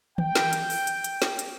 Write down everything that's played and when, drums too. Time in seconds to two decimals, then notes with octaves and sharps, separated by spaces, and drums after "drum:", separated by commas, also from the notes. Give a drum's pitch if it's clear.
0.18 G5, drum: tom D#3
0.35 drum: snare
0.53 drum: hi-hat
0.70 drum: open hi-hat
0.87 drum: hi-hat
1.04 drum: hi-hat
1.22 drum: snare
1.39 drum: hi-hat